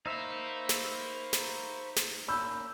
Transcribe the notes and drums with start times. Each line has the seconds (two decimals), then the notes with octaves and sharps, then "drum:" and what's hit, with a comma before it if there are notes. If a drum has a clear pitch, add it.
0.06 D#4 A#4 C5 E5 F5 B5 C#6
0.69 drum: snare
1.33 drum: snare
1.96 drum: snare
2.28 A#3 C#4 A#4 B5 E6 G6